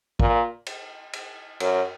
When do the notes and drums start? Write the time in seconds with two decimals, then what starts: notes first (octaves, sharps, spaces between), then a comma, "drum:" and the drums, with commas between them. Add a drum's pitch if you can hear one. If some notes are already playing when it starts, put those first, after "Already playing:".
0.20 A#2, drum: kick
0.66 drum: cymbal
1.13 drum: cymbal
1.60 F#2, drum: cymbal